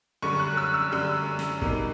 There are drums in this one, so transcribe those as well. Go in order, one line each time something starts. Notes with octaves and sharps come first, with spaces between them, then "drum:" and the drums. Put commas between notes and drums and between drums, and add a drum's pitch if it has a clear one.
F#2 D3 G3 C#6
F#6
E6
E6
F#2 D3 G3 E6
drum: snare
B2 G3 A#3 D#4, drum: kick